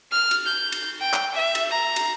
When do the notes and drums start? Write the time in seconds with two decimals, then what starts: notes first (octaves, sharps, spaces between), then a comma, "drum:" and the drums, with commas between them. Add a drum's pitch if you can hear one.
0.12 F6
0.31 drum: cymbal
0.46 G6
0.72 drum: cymbal
1.00 G5
1.14 drum: clap
1.34 E5
1.55 drum: cymbal
1.70 A#5
1.96 drum: cymbal